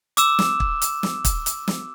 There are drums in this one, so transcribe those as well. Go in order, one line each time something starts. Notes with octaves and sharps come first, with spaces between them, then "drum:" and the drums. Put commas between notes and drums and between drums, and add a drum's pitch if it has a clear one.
D6 E6 E7, drum: hi-hat
drum: snare
drum: kick
drum: hi-hat
drum: snare
drum: kick, hi-hat
drum: hi-hat
drum: snare